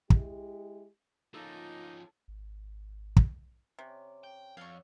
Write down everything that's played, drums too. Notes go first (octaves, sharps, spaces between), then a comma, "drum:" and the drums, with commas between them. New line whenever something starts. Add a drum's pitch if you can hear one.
G#3 E4 G4, drum: kick
F3 A#3 C#4 D#4 F4 A4
G#1
drum: kick
C3 C#4 D5
G5
F2 C#5 D5 F5 F#5 C#6